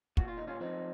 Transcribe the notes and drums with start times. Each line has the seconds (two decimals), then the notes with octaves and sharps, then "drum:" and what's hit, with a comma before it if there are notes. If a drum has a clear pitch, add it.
0.17 A#2 F#4, drum: kick
0.28 F4
0.37 D#4
0.47 C#4 F4
0.60 F3 C4 D#4